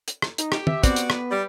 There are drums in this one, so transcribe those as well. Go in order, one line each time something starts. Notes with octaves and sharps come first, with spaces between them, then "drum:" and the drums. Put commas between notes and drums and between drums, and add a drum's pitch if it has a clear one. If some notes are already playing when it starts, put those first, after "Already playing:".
drum: hi-hat
drum: rim click
D#4, drum: hi-hat
G4, drum: rim click
E5, drum: tom
B3 C4 F#4 D5, drum: kick, hi-hat
drum: hi-hat
B4, drum: rim click
G3